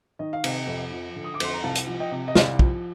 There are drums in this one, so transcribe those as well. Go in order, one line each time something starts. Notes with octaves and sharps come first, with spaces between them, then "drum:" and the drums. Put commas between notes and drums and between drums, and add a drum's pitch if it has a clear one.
D#3 D#5
F5
C3 D#5, drum: cymbal
F2
F3
D3
D#6
D6
F2 C6, drum: cymbal
A#5
C2 F5 A5
drum: hi-hat
F3
D#5 G5
C3
D#5
C2 D5 F5, drum: snare
F3, drum: kick